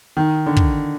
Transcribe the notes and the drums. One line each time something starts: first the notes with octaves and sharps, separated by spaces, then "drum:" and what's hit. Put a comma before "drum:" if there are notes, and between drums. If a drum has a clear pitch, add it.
D#3
D3
drum: kick